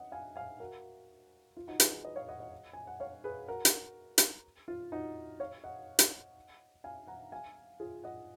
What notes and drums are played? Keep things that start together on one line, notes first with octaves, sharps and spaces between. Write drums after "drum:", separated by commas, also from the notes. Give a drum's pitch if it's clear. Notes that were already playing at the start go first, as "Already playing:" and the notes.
Already playing: D#5 F#5
F5 G#5
F5 G#5
F#4 A#4
F4
D#4 F#4
G#4 B4, drum: hi-hat
B4 D#5
C#5 F5
D#5 F#5
D#5 F#5
G#5
F#5
C#5 F5
G#4 B4
F#4 A#4
drum: hi-hat
drum: hi-hat
F4
D#4 F#4
C#5 F5
D#5 F#5
drum: hi-hat
F5 G#5
F#5 A#5
F5 G#5
F4 G#4
D#5 F#5